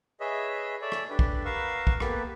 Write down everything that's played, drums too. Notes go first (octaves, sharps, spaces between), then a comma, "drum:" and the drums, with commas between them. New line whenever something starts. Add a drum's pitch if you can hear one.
G#4 B4 C#5 D#5 E5
A4 C#5 D5 E5
drum: rim click
D4 G4 A4 B4
drum: kick
A#4 B4 F5 F#5 C#6 E6
drum: kick
A#3 B3 G4 A4 B4, drum: rim click